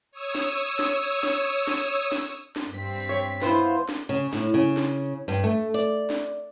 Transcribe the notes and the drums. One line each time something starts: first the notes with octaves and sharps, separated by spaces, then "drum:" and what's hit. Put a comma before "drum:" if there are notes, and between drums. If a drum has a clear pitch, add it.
C#5 D#6 E6
drum: snare
drum: snare
drum: snare
drum: snare
drum: snare
drum: snare
G2 C4 B6
C#5
B3 E4 F4 B4 C5, drum: snare
drum: snare
C#3
A2, drum: snare
C#3
drum: snare
G2
A3
D5
drum: snare